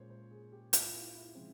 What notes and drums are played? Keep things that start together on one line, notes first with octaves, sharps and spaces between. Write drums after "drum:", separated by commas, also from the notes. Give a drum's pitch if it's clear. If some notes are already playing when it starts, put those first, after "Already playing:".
Already playing: A#2 G#3 C#4 C5 C#5
C5
G#4
G4
F4, drum: hi-hat
E4
E4
C#3 F3 G#3 C4